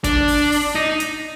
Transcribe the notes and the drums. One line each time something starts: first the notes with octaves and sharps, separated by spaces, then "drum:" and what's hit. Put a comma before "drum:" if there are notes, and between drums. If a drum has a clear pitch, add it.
D4, drum: kick, hi-hat
drum: open hi-hat
drum: open hi-hat
D#4
drum: hi-hat